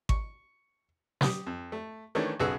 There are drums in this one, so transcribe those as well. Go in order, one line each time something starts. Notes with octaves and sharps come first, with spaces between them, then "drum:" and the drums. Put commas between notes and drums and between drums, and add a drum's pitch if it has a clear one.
C#6, drum: kick G#1
G4 D#6, drum: snare
F2
A3
D#3 E3 A3 C#4 D4
B1 C#3 B3 F#4 G#4 E6